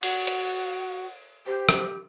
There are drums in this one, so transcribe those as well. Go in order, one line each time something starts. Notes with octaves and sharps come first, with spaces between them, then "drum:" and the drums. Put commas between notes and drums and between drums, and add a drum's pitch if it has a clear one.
F#4 F#5, drum: cymbal
drum: hi-hat
G4 C5
drum: rim click